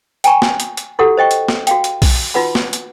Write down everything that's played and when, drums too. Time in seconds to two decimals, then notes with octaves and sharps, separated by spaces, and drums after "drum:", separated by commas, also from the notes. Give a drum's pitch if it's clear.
0.24 G5 G#5 A#5 C#6, drum: hi-hat
0.42 drum: snare
0.60 drum: hi-hat
0.77 drum: hi-hat
0.99 E4 F#4 G4 A4 F#5
1.17 C5 D#5 G5 C#6
1.31 drum: hi-hat
1.48 drum: snare
1.67 F#4 F5 G5, drum: hi-hat
1.84 drum: hi-hat
2.02 drum: kick B1, open hi-hat
2.34 D#4 F4 F#4 B4 F#5 B5
2.55 drum: snare
2.73 drum: hi-hat